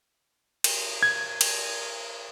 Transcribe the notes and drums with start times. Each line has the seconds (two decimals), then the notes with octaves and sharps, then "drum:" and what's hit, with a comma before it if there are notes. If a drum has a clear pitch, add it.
0.64 drum: cymbal
1.03 G#6
1.41 drum: cymbal